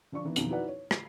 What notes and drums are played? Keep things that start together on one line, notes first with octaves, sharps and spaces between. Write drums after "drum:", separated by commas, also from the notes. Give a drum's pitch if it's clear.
D3 F3 D5 C#6
D#3 E3 B3
F2 B2 D#3 F3 F#3 D#4, drum: hi-hat
D#4 E4 F#4 B4 D5 F#5
C#5
C7, drum: rim click